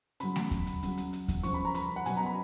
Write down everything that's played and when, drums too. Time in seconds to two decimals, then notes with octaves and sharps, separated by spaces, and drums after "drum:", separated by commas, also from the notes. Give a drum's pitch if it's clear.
0.20 C#3 F#3 B5, drum: hi-hat
0.36 drum: snare A3
0.51 drum: kick D#2, hi-hat
0.67 drum: hi-hat
0.83 C#3 F#3, drum: hi-hat
0.97 drum: hi-hat
1.13 drum: hi-hat
1.28 drum: kick D#2, hi-hat
1.43 C#3 F3 C#6, drum: hi-hat
1.54 B5
1.65 A#5
1.75 B5, drum: hi-hat
1.96 F#5
2.06 B2 F#3 G#5, drum: hi-hat
2.17 A#5
2.26 B5